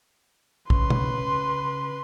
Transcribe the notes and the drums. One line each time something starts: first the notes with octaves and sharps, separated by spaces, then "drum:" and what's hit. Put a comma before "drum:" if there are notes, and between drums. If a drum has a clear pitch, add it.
C#3 B4 C6, drum: kick A#1
drum: tom